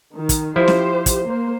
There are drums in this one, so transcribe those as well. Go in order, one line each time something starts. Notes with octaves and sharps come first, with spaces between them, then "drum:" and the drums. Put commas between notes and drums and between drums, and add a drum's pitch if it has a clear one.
D#3
drum: kick, hi-hat
F3 E4 G4 C5
drum: snare
drum: kick, hi-hat
A#3 C5